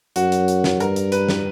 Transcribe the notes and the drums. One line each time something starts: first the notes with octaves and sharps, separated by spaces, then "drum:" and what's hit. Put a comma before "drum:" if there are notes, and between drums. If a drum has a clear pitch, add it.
F#2 F#4, drum: hi-hat
drum: hi-hat
drum: hi-hat
drum: snare
G2 A#4, drum: hi-hat
drum: hi-hat
B4, drum: hi-hat
drum: snare